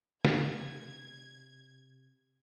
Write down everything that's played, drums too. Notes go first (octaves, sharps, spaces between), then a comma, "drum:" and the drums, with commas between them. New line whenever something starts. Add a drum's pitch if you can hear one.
C3 G#6, drum: snare